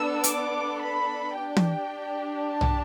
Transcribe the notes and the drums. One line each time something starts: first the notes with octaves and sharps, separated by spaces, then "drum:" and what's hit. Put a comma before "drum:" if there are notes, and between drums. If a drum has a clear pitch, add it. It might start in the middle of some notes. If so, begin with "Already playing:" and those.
Already playing: B3 D4 A4 E6
D6, drum: hi-hat
B5
D4 G4 G5
drum: tom E3
A5
drum: tom B1